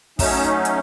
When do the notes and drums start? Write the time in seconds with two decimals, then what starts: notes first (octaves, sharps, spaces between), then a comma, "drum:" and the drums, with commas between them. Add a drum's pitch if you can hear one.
0.19 F#3 A3 C#4 D#4, drum: kick, open hi-hat
0.65 drum: hi-hat